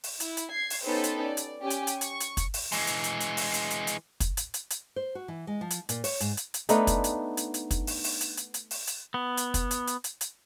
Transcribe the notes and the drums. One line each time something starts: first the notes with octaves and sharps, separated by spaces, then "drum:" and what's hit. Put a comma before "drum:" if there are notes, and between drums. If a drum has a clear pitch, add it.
drum: open hi-hat
E4, drum: hi-hat
drum: hi-hat
G#6 C7
drum: open hi-hat
B3 C#4 D#4 G4 A4 C5
drum: hi-hat
D5
drum: hi-hat
C#4 G4 G#5
drum: hi-hat
drum: hi-hat
C#6, drum: hi-hat
drum: hi-hat
drum: kick, hi-hat
drum: open hi-hat
E3 G#3, drum: open hi-hat
drum: hi-hat
drum: hi-hat
drum: hi-hat
drum: open hi-hat
drum: hi-hat
drum: hi-hat
drum: hi-hat
drum: kick, hi-hat
drum: hi-hat
drum: hi-hat
drum: hi-hat
C5
F#4
E3
G#3
F3
drum: hi-hat
A#2, drum: hi-hat
C#5, drum: open hi-hat
G#2, drum: hi-hat
drum: hi-hat
drum: hi-hat
A3 B3 D4 D#4, drum: hi-hat
drum: kick, hi-hat
drum: hi-hat
drum: hi-hat
drum: hi-hat
drum: kick, hi-hat
drum: open hi-hat
drum: open hi-hat
drum: hi-hat
drum: hi-hat
drum: hi-hat
drum: open hi-hat
drum: hi-hat
B3
drum: hi-hat
drum: kick, hi-hat
drum: hi-hat
drum: hi-hat
drum: hi-hat
drum: hi-hat